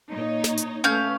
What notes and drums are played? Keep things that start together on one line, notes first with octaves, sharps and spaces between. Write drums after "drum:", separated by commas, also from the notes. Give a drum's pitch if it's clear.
A#2 D#4 C#5
drum: snare
drum: hi-hat
A3 C#4 B4 F5 G6